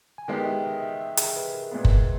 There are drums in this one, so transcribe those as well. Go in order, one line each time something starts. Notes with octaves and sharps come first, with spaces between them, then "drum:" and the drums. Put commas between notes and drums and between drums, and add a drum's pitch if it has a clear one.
G#5
D#3 G#3 B3 G4 G5
E5
D#5
E5
E5
G#4, drum: hi-hat
B4
A#4
A#2 G#3 B3
drum: kick F#1